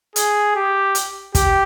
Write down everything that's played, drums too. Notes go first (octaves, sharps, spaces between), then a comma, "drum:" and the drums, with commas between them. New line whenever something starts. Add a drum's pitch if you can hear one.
G#4, drum: hi-hat
G4
drum: hi-hat
G4, drum: kick, hi-hat